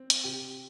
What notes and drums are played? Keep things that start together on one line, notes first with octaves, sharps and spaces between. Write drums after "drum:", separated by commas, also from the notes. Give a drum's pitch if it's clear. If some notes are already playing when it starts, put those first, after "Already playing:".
Already playing: C4
drum: hi-hat
C3 G4